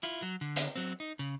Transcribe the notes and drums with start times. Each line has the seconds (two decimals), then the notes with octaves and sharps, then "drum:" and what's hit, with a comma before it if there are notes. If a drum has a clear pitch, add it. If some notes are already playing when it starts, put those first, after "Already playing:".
0.03 E4 F4
0.22 F#3
0.41 D3
0.56 drum: hi-hat
0.76 F#3 C4
1.00 D#4
1.19 C#3